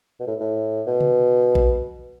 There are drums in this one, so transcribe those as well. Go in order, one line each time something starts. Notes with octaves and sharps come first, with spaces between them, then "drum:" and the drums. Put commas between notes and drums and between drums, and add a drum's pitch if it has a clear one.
B2
A2
A2
B2
drum: tom C3
drum: kick A#1